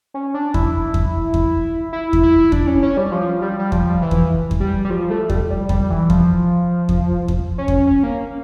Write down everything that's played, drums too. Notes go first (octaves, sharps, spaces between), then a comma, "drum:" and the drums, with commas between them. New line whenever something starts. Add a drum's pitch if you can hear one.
C#4
D4
E4, drum: kick E2
drum: kick E2
drum: kick E2
E4
drum: kick E2
E4
D4, drum: kick E2
C#4
C#4
G3
F3
G3
G3
F3, drum: kick E2
E3
drum: kick E2
drum: kick E2
G3
G3
F3
A3
G3, drum: kick E2
G3
G3, drum: kick E2
E3
F3, drum: kick E2
drum: kick E2
drum: kick E2
C#4
drum: kick E2
C#4
A#3